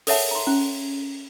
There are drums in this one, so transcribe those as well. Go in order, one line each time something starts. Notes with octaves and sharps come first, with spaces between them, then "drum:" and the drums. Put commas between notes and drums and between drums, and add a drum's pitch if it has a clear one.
A4 A#4 C#5 E5 F#5 A5, drum: open hi-hat
A#5 C6
C#4 A#5